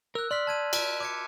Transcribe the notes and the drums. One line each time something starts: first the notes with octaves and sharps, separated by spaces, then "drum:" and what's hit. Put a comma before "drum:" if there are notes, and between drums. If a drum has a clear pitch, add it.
A#4 E6 F#6
D5 C6 F6 B6
A5 G#6 D#7
D7 D#7, drum: cymbal
D6 G#6 C#7